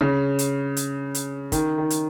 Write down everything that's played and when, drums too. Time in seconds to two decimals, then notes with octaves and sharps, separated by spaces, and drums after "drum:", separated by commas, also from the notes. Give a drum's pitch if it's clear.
0.01 C#3
0.39 drum: hi-hat
0.77 drum: hi-hat
1.15 drum: hi-hat
1.52 D#3, drum: kick, hi-hat
1.78 D#3
1.90 drum: hi-hat